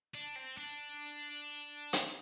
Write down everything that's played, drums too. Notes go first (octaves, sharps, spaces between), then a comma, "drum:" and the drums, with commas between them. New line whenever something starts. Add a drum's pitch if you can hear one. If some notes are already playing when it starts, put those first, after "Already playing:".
D4
C4
D4
drum: hi-hat